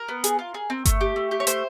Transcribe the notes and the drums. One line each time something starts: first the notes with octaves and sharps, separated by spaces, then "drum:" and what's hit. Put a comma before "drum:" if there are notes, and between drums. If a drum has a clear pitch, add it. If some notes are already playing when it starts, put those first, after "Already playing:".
Already playing: A#4
B3
G#4, drum: hi-hat
F4
G#4
C4
A3, drum: kick G1, hi-hat
G4
A3
G4
C#5
A3 C5, drum: hi-hat